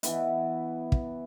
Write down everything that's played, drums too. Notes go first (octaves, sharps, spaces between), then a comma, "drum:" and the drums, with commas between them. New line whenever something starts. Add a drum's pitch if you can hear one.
E3 B3 E4, drum: hi-hat
drum: kick